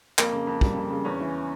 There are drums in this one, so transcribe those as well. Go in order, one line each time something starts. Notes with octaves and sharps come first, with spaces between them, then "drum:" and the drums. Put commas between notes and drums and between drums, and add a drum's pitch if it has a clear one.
F2 A#3, drum: clap
C#3
F2
G3, drum: kick
F2
C#3
E2 C#4
E3